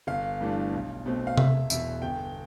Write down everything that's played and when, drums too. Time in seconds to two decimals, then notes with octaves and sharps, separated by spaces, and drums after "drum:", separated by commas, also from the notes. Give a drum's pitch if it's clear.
0.07 G1 F5
0.41 G2 E3 A3 D4
0.73 B1
1.06 B2 A3 C4
1.27 F5
1.38 E1 E5, drum: tom C3
1.70 E2 B2 E5, drum: tambourine
2.02 G1 G5